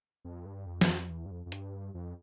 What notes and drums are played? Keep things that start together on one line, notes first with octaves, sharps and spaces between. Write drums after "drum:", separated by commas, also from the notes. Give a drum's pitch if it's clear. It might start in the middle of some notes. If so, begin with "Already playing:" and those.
F2
G2
F2
G2, drum: snare
F2
E2
G2
F2
F2
G2, drum: hi-hat
F2